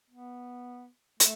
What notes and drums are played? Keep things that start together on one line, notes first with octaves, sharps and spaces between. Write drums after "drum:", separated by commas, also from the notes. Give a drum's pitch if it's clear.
B3
A3, drum: hi-hat